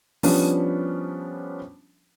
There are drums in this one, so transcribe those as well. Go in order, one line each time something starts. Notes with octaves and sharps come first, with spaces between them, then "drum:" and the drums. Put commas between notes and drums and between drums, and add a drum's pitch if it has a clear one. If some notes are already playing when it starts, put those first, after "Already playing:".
F3 G3 B3 C#4 D4, drum: open hi-hat